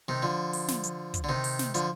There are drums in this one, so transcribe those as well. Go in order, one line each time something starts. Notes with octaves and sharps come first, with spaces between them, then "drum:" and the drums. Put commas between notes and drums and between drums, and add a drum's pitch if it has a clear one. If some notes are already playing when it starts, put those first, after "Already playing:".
C3 D#3
D3 F3
drum: open hi-hat
drum: snare
drum: hi-hat
drum: kick, hi-hat
D3
C3 D#3
drum: open hi-hat
drum: snare
D3 F3, drum: hi-hat